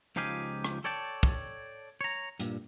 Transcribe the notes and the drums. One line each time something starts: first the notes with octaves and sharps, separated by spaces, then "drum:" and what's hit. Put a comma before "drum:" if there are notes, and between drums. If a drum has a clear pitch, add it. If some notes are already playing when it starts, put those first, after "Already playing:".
C#2 F3 D#4 G4 F5 G#5
drum: rim click
A4 C#5 D5 G5 A5
drum: kick
C#5 A#5
G2 A#2, drum: hi-hat